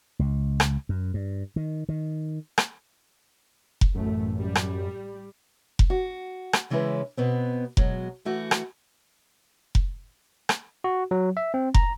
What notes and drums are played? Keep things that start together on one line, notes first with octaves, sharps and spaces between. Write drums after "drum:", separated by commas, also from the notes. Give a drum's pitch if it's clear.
C#2
drum: rim click
F#2
G2
D#3
D#3
drum: rim click
drum: kick F1
A1 F#2 A3
G3
drum: rim click
drum: kick F1
F#4
drum: rim click
C#3 E3 G#3 C#4 E4 B4
B2 B3 C4
B2 F#3 G#3, drum: kick F1
E3 A3 F#4
drum: rim click
drum: kick F1
drum: rim click
F#4
F#3
E5
C4
A#5, drum: kick F1